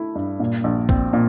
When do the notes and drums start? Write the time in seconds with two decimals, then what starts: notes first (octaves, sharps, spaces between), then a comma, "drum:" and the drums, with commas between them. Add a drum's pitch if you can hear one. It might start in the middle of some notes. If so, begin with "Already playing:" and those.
Already playing: A3 E4
0.15 G2
0.40 A#2
0.64 A#1
0.89 C4, drum: kick
1.13 A#2